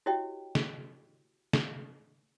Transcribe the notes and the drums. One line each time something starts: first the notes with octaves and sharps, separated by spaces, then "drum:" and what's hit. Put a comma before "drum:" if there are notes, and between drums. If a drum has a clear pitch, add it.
E4 F#4 G4 C#5 D#5 G5
drum: snare
drum: snare